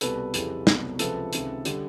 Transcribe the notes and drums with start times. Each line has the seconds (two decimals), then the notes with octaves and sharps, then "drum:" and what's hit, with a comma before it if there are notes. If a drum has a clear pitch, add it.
0.01 C2 B2 G3 A4 B4, drum: hi-hat
0.34 F2 C#3 E3 G3, drum: hi-hat
0.67 C2 B2 F#3, drum: snare
0.99 C#2 C3 F3 A4 B4, drum: hi-hat
1.33 C#2 C3 D#3, drum: hi-hat
1.65 D3 G3, drum: hi-hat